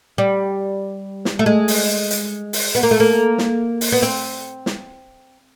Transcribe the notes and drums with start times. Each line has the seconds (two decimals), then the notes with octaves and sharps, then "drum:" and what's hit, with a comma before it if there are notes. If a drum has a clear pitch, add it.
0.18 G3
1.25 drum: snare
1.39 A3
1.46 G#3
1.68 drum: open hi-hat
2.10 drum: hi-hat
2.53 drum: open hi-hat
2.75 B3
2.83 A#3
2.91 A3
3.00 A#3
3.38 drum: snare
3.81 drum: open hi-hat
3.92 B3
4.03 C4
4.66 drum: snare